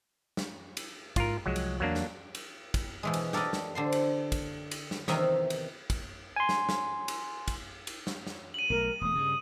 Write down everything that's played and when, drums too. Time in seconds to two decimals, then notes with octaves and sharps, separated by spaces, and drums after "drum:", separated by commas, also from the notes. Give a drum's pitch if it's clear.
0.37 drum: snare
0.77 drum: cymbal
1.16 G#2 F4 A#4, drum: kick, cymbal
1.46 C2 F3 F#3 G#3
1.56 drum: cymbal
1.80 E2 F#3 A#3 D4
1.95 drum: snare
2.35 drum: cymbal
2.74 drum: kick, cymbal
3.03 B2 E3 G#3
3.14 drum: cymbal
3.33 G4 A4 A#4 D5 D#5, drum: snare
3.53 drum: snare
3.75 D3 C5 C6
3.92 drum: cymbal
4.32 drum: kick, cymbal
4.71 drum: cymbal
4.91 drum: snare
5.08 E2 C3 D#3 A#4 D#5 E5, drum: snare
5.50 drum: cymbal
5.90 drum: kick, cymbal
6.36 G#5 C6
6.49 drum: snare
6.69 drum: snare
7.08 drum: cymbal
7.48 drum: kick, cymbal
7.87 drum: cymbal
8.07 drum: snare
8.27 drum: snare
8.54 D#7 F#7
8.70 B1 E3 A3 A#4
9.01 E1 A3 D#6
9.15 G2 C#3